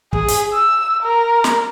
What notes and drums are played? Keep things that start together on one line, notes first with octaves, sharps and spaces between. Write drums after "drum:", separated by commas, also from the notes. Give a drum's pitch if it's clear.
G#4, drum: kick
drum: hi-hat
E6
A#4
drum: snare